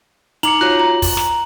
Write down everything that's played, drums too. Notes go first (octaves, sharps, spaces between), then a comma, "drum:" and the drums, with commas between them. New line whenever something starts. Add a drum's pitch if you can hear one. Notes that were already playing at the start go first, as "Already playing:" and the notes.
D#4 A#5 D6 C#7 F#7, drum: hi-hat
F4 F#4 C#5 F#6
A#5
drum: kick, open hi-hat
drum: snare